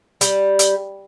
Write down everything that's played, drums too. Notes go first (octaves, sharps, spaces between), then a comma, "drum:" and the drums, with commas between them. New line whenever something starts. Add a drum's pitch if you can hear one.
G3, drum: hi-hat
drum: hi-hat